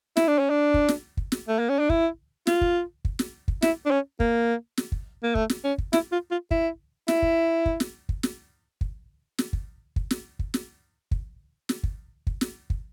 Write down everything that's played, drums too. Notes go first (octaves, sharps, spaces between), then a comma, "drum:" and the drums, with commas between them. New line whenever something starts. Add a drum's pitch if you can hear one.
E4, drum: snare
D4
C#4
D4
drum: kick
drum: snare
drum: kick
drum: snare
A3
A#3
C#4
D4
E4, drum: kick
F4, drum: snare
drum: kick
drum: kick
drum: snare
drum: kick
E4, drum: snare
D4
C#4
A#3, drum: kick
drum: snare
drum: kick
A#3
A3, drum: kick
drum: snare
C#4
drum: kick
E4, drum: snare
F4
F4
E4, drum: kick
E4, drum: snare
drum: kick
drum: kick
drum: snare
drum: kick
drum: snare
drum: kick
drum: snare
drum: kick
drum: kick
drum: snare
drum: kick
drum: snare
drum: kick
drum: snare
drum: kick
drum: kick
drum: snare
drum: kick